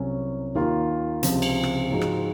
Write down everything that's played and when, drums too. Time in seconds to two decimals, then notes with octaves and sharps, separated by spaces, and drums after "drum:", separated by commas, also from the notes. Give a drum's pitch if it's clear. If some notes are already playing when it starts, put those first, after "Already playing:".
Already playing: C2 C3 F#3 C#4
0.55 D#2 D#3 A#3 F4
1.23 C#2 C3 F3 G#3, drum: hi-hat
1.42 drum: cymbal
1.63 drum: rim click
1.91 G#2 F3 G#3 D#4 F#4
2.01 drum: rim click